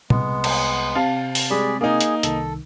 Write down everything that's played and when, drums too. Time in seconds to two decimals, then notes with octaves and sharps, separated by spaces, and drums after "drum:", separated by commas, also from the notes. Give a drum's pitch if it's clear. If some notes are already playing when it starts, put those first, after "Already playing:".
0.10 C2 G#3 B3, drum: tom
0.44 drum: cymbal
0.95 C3 C4 F5 A5 A6
1.35 drum: open hi-hat
1.50 G3 G#3 G#4 D5 B5
1.81 A#3 D#4 G#4
2.01 drum: hi-hat
2.23 C2 D#3 A4, drum: hi-hat